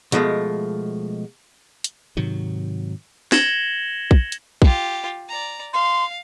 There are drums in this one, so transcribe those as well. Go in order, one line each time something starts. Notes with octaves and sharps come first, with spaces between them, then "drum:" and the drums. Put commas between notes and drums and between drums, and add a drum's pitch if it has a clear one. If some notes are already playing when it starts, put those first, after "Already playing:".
B2 F3 G#3 A3, drum: hi-hat
drum: hi-hat
G#2 C3 D#3 F#3
G#6 A#6 C#7 E7 F#7 G7, drum: snare
drum: kick
drum: hi-hat
F4 G4, drum: kick
D5 A#5
F5 C6